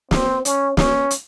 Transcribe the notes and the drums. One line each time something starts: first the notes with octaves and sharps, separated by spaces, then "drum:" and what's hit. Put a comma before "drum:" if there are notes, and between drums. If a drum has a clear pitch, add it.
C4, drum: snare
C#4, drum: hi-hat
C#4, drum: snare
drum: hi-hat